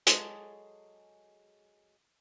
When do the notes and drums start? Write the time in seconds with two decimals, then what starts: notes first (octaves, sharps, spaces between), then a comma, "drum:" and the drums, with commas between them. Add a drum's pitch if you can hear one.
0.07 F#3 G#3 G#4 A4, drum: hi-hat